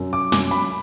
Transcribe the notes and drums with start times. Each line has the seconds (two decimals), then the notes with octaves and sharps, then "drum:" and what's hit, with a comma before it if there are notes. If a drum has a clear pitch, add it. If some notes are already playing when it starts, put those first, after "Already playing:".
Already playing: F#2
0.13 D6
0.32 F#2 D6, drum: snare
0.51 B5